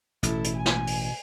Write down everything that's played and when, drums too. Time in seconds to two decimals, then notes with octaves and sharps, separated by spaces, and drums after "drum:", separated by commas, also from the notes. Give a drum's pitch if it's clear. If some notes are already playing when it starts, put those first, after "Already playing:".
0.23 A1 B2 E4 A4, drum: hi-hat
0.44 drum: hi-hat
0.56 G#5
0.66 drum: snare
0.87 drum: open hi-hat